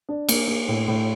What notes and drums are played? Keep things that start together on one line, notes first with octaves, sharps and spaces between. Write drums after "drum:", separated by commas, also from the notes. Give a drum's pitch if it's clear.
D4
A#3, drum: cymbal
A#3
A2
A2